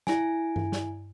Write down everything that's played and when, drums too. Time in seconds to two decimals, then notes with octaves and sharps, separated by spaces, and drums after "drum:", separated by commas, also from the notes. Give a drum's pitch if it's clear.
0.07 E4 G#5, drum: snare
0.56 drum: tom G2
0.72 drum: snare